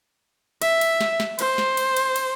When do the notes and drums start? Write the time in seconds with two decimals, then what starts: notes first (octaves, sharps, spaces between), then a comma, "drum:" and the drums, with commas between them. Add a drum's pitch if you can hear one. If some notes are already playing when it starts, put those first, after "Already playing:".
0.62 E5, drum: cymbal
0.81 drum: cymbal
1.01 drum: snare
1.20 drum: snare
1.39 C5, drum: cymbal
1.58 drum: snare
1.77 drum: cymbal
1.97 drum: cymbal
2.16 drum: cymbal